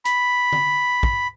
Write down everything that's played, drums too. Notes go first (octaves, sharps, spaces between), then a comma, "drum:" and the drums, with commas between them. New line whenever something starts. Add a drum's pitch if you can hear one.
B5, drum: hi-hat
drum: tom D3
drum: kick